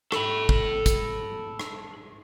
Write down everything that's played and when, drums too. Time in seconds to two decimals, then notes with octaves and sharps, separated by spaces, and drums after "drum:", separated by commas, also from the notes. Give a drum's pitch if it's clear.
0.12 A4 B5, drum: rim click
0.49 drum: kick
0.86 drum: kick, hi-hat
1.60 drum: rim click